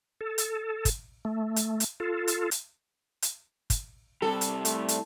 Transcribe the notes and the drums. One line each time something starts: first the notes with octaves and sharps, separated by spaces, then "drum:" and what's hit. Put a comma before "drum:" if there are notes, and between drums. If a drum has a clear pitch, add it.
A4
drum: hi-hat
drum: kick, hi-hat
A3
drum: hi-hat
drum: hi-hat
F4 A4
drum: hi-hat
drum: hi-hat
drum: hi-hat
drum: kick, hi-hat
C3 G3 A4
drum: hi-hat
A3, drum: hi-hat
drum: hi-hat